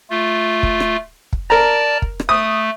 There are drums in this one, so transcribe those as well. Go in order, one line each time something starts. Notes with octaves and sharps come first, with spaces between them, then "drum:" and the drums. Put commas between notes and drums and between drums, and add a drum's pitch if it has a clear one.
A3 F4
drum: kick
drum: rim click
drum: kick
A#4 D5 A5 A#5
drum: kick
drum: rim click
A3 D#6